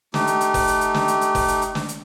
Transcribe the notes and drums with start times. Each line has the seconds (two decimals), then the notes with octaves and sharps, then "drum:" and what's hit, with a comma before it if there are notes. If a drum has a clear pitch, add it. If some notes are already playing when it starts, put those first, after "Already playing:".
0.14 A3 D#4 G4, drum: snare
0.27 drum: hi-hat
0.41 drum: hi-hat
0.54 drum: kick F#1, open hi-hat
0.68 drum: hi-hat
0.81 drum: hi-hat
0.94 drum: snare
1.08 drum: hi-hat
1.21 drum: hi-hat
1.35 drum: kick F#1, open hi-hat
1.48 drum: hi-hat
1.62 drum: hi-hat
1.75 drum: snare
1.89 drum: hi-hat